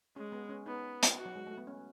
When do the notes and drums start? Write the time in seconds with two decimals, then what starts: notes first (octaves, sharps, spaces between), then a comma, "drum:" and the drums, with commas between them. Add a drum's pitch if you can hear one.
0.16 G#3 C#4
0.32 B3
0.49 C#4
0.66 B3 D#4
1.03 drum: hi-hat
1.17 F#4
1.25 F#3
1.36 G#3
1.47 A3
1.58 B3
1.67 C#4